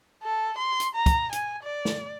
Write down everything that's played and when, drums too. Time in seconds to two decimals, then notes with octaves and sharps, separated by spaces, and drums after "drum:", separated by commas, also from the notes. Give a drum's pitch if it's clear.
0.23 A4
0.58 C6
0.80 drum: hi-hat
0.95 A#5
1.06 drum: kick, hi-hat
1.33 G#5, drum: hi-hat
1.63 D5
1.85 drum: snare